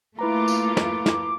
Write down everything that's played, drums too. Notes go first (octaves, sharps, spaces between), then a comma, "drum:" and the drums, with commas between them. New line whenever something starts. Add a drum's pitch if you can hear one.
A3 A#3 E4 F4 B4 A#5 D6
drum: tambourine
drum: snare
drum: snare